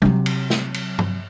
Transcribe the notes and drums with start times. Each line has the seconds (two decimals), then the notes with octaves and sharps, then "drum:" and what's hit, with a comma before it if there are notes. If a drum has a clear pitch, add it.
0.02 C3 F#3, drum: tom
0.26 drum: cymbal
0.50 drum: snare
0.74 drum: cymbal
0.99 drum: tom